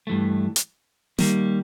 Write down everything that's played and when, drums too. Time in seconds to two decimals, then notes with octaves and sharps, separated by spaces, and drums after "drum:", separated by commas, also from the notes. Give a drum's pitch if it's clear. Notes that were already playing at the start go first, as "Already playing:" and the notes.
0.07 G2 E3 A3
0.56 drum: hi-hat
1.18 D#3 G3 A#3, drum: snare